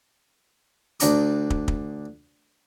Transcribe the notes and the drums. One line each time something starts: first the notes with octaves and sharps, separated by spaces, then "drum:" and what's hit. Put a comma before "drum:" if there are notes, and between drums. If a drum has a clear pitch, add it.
D2 D4 A#5 D#6, drum: hi-hat
drum: kick
drum: kick